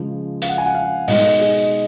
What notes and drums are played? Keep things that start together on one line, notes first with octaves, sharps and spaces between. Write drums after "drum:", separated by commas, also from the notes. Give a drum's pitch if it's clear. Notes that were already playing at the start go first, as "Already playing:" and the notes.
Already playing: C#3 F3 G#3
F5, drum: hi-hat
F#5
G#5
F#5
F5
B2 G#3 D#4 D#5, drum: open hi-hat
G#4